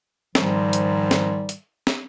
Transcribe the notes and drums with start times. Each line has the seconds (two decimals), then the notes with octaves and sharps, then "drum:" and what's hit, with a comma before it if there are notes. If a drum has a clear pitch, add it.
0.35 G#2 D#3 F3 G3, drum: snare
0.73 drum: hi-hat
1.11 drum: snare
1.49 drum: hi-hat
1.87 drum: snare